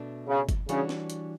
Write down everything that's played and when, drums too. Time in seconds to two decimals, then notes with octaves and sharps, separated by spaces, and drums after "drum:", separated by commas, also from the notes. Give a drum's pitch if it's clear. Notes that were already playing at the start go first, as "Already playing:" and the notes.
Already playing: B2 A3 D4
0.28 C#3
0.49 drum: kick G1, hi-hat
0.69 C#3 E3 G3 D4 F#4 C#5, drum: hi-hat
0.89 drum: snare
1.10 drum: hi-hat